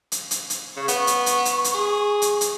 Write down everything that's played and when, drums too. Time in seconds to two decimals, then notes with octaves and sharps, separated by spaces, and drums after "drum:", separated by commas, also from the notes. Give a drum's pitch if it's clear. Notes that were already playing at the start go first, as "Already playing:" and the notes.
0.12 drum: hi-hat
0.31 drum: hi-hat
0.50 drum: hi-hat
0.77 C#3 C#6
0.88 B3, drum: hi-hat
1.07 drum: hi-hat
1.26 drum: hi-hat
1.45 drum: hi-hat
1.64 drum: hi-hat
1.75 G#4
2.22 drum: hi-hat
2.41 drum: hi-hat